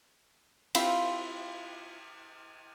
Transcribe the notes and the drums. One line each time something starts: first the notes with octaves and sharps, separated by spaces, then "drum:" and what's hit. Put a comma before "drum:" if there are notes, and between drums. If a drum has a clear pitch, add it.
C4 E4 F4 G4 F5, drum: cymbal